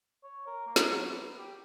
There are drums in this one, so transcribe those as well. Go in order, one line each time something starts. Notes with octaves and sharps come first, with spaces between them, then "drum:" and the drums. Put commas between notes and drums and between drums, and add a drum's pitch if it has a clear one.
C#5
A#4
A#3
drum: snare
F#3
B3
G4